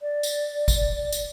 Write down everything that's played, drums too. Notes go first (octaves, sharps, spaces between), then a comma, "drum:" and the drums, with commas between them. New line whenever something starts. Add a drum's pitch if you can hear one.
D5
drum: tambourine
drum: kick, tambourine
drum: tambourine